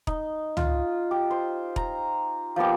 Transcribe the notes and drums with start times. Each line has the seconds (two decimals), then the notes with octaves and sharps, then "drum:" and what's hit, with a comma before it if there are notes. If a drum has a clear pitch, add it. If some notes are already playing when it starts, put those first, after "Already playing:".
0.07 D#4, drum: kick E1
0.57 F4, drum: tom C#2
1.11 G4
1.31 C5
1.76 A#5, drum: kick E1
2.56 F3 A#3 B3 G4